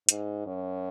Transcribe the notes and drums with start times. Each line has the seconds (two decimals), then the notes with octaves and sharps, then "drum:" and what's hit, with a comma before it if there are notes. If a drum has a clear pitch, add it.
0.09 G#2, drum: hi-hat
0.46 F#2